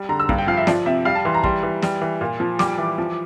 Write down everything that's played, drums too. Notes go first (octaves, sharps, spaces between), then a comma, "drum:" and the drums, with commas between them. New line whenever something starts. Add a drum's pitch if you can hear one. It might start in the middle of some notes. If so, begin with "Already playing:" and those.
Already playing: G3
D3 A#5
E6
G2, drum: kick
G5
F3 F5
E5
F3 D5, drum: snare
C3 E5
G3 F5
A5
E3 C6
A#5
G3 C6, drum: kick
E3
G3, drum: snare
E3
A#2
F3
G3 D6, drum: snare
E3
F3